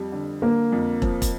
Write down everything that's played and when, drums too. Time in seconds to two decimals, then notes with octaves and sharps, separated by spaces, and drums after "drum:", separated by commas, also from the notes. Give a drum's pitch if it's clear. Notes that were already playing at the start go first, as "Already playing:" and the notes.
Already playing: F2 G3
0.12 D3
0.42 D3 A#3
0.72 F2
1.02 F3, drum: kick
1.22 drum: kick, hi-hat